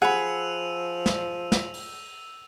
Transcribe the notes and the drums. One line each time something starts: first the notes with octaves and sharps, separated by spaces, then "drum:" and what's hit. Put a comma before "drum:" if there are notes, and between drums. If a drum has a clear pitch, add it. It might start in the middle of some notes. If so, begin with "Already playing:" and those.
F3 G#4 F#5 B5 E6 D#7 F7
drum: snare
drum: snare
drum: open hi-hat